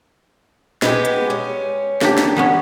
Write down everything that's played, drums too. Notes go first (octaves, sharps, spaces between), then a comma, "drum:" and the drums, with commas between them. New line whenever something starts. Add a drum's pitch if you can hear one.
G#3 B3 G4, drum: snare
drum: hi-hat
C#4
A#3 D4 G4, drum: snare
drum: snare
G3 B3 C#4